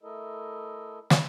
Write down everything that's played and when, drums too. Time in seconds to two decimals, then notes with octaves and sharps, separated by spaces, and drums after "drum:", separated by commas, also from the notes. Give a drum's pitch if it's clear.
0.03 A3 E4 A4 A#4 D#5
1.10 drum: snare